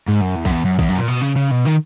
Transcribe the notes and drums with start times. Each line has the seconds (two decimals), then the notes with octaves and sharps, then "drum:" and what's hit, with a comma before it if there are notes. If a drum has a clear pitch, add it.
0.08 G#2
0.22 F#2
0.36 E2
0.45 F#2, drum: kick A#1
0.51 E2
0.65 F#2
0.79 E2, drum: kick A#1
0.89 F#2
0.98 A#2
1.08 B2
1.21 C#3
1.36 C#3
1.51 B2
1.65 D#3